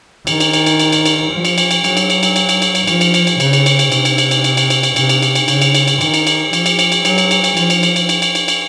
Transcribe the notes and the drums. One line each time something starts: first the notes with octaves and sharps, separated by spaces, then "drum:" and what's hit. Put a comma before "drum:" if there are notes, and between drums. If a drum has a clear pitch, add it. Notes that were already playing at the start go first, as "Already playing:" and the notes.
D#3, drum: cymbal
drum: cymbal
drum: cymbal
drum: cymbal
drum: cymbal
drum: cymbal
drum: cymbal
F3
drum: cymbal
drum: cymbal
drum: cymbal
F#3, drum: cymbal
drum: cymbal
drum: cymbal
drum: cymbal
drum: cymbal
drum: cymbal
drum: cymbal
drum: cymbal
F3, drum: cymbal
drum: cymbal
drum: cymbal
drum: cymbal
C#3, drum: cymbal
drum: cymbal
drum: cymbal
drum: cymbal
C3, drum: cymbal
drum: cymbal
drum: cymbal
drum: cymbal
drum: cymbal
drum: cymbal
drum: cymbal
drum: cymbal
C3, drum: cymbal
drum: cymbal
drum: cymbal
drum: cymbal
C#3, drum: cymbal
drum: cymbal
drum: cymbal
drum: cymbal
D#3, drum: cymbal
drum: cymbal
drum: cymbal
F3, drum: cymbal
drum: cymbal
drum: cymbal
drum: cymbal
F#3, drum: cymbal
drum: cymbal
drum: cymbal
drum: cymbal
F3, drum: cymbal
drum: cymbal
drum: cymbal
drum: cymbal
drum: cymbal
drum: cymbal
drum: cymbal
drum: cymbal